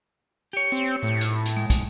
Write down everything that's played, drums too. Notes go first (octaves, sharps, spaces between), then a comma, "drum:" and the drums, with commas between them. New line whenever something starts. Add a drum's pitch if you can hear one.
G4 C#5
C4
A2
drum: hi-hat
drum: hi-hat
G#3
drum: kick, hi-hat